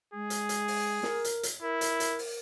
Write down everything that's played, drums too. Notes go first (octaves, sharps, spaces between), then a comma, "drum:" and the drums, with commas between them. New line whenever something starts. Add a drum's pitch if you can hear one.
G#3 G#4
drum: hi-hat
drum: hi-hat
drum: open hi-hat
A#4, drum: snare
drum: hi-hat
drum: hi-hat
E4 A#4
drum: hi-hat
drum: hi-hat
drum: open hi-hat